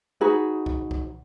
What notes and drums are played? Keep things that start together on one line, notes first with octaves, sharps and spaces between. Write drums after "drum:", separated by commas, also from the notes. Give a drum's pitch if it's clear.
D#4 F#4 G#4 B4
drum: kick C2
drum: kick C2